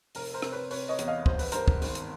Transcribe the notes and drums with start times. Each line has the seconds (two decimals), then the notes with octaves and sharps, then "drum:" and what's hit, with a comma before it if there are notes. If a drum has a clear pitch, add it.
0.15 F1 A#4, drum: open hi-hat
0.34 A#4 C5
0.42 C3, drum: rim click
0.52 B4 C#5
0.71 C3 B4 C#5, drum: open hi-hat
0.89 C#5 D#5
0.99 E2, drum: hi-hat
1.08 D#5 F5
1.26 G2 C5, drum: kick
1.39 B4, drum: open hi-hat
1.52 G2 A#4 C5, drum: hi-hat
1.68 drum: kick
1.82 G#1, drum: open hi-hat
1.95 drum: hi-hat